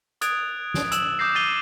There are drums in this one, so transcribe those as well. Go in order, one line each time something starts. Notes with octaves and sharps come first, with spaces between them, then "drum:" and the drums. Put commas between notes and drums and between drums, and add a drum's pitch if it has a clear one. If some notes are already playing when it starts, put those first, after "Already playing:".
D#6 F#6 G#6 A6 D7 F7, drum: hi-hat
drum: snare
E6 E7 F#7, drum: hi-hat
D6 D#6 G6 A6 A#6 C7
D6 A6 C7 D#7 F7 G7